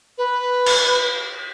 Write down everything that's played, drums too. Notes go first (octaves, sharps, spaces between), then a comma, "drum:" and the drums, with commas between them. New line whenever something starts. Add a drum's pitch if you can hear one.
B4
drum: cymbal